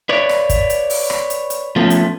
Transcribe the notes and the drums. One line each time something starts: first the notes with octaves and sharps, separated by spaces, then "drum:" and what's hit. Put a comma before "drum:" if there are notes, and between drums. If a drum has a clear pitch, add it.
B4 C#5 D5
drum: rim click
drum: kick, hi-hat
drum: hi-hat
drum: open hi-hat
drum: rim click
drum: hi-hat
drum: hi-hat
F3 A3 B3 C#4
drum: hi-hat